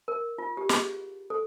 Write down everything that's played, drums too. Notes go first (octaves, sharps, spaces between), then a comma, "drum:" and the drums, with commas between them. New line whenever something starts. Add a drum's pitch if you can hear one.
A#4
F4
G4
G#4, drum: snare
A4